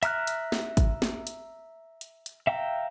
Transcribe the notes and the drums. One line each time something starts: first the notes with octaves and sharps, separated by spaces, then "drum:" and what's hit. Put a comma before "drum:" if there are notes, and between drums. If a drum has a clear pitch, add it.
E5 A#5 F6 F#6, drum: hi-hat
drum: hi-hat
drum: snare
drum: kick, hi-hat
drum: snare
drum: hi-hat
drum: hi-hat
drum: hi-hat
E5 F5 G5 A#5